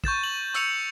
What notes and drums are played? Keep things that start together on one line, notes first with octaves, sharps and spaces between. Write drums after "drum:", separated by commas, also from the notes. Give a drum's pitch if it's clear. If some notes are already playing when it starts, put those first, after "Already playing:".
C#6 G6 A6 E7, drum: kick
F#7
C#6 E6 C#7 F7, drum: hi-hat